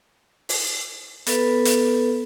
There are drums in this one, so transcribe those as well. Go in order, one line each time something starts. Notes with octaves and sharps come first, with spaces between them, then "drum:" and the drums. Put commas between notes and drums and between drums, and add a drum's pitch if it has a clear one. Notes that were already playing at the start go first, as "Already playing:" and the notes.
drum: open hi-hat
B3 A4 B4, drum: hi-hat
drum: hi-hat